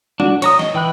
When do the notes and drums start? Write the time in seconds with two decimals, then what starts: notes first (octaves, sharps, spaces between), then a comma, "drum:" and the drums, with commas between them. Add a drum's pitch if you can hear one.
0.20 D4 F#4, drum: tom G3
0.42 C#5 A#5 D#6, drum: cymbal
0.59 D#5, drum: snare
0.74 E3 G5 B5 F#6